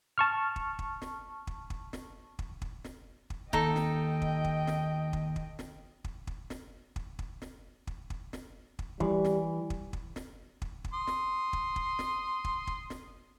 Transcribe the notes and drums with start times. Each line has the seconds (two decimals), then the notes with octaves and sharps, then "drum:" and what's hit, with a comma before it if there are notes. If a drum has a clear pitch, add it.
0.18 A5 C#6 F6
0.56 drum: kick
0.79 drum: kick
1.02 drum: snare
1.47 drum: kick
1.70 drum: kick
1.93 drum: snare
2.39 drum: kick
2.62 drum: kick
2.84 drum: snare
3.30 drum: kick
3.53 D#2 D#4 A4 D#5 G5, drum: kick
3.76 drum: snare
4.22 drum: kick
4.44 drum: kick
4.67 drum: snare
5.13 drum: kick
5.36 drum: kick
5.59 drum: snare
6.04 drum: kick
6.27 drum: kick
6.50 drum: snare
6.96 drum: kick
7.19 drum: kick
7.42 drum: snare
7.87 drum: kick
8.10 drum: kick
8.33 drum: snare
8.79 drum: kick
9.00 E3 G3, drum: kick
9.24 drum: snare
9.70 drum: kick
9.93 drum: kick
10.16 drum: snare
10.62 drum: kick
10.84 drum: kick
10.94 C6 D#6
11.07 drum: snare
11.53 drum: kick
11.76 drum: kick
11.99 drum: snare
12.44 drum: kick
12.67 drum: kick
12.90 drum: snare